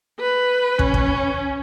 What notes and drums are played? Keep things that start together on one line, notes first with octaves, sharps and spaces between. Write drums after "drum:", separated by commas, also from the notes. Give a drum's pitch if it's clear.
B4
C#4, drum: kick
drum: kick